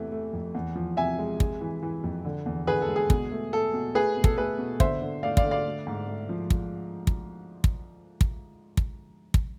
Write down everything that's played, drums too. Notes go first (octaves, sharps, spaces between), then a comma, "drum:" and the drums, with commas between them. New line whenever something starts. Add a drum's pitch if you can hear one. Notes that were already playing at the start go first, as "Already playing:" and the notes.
Already playing: E2 C3 E3 A3
A3
F2
E2
F3
C3 E5 G#5
G#3
G#3, drum: kick
E3
E3
F2
D3
E2
D3 G#4 B4
A4
G#3
G#4
B2, drum: kick
A3
A3 A4
B2
A3 G#4 B4
B2
A4, drum: kick
A3 G#4 B4
B2
D3 C5 E5, drum: kick
D3
A3 D5 F5
D5 F5, drum: kick
D3
D5 F5
A3
G#2
A3
F3
drum: kick
drum: kick
drum: kick
drum: kick
drum: kick
drum: kick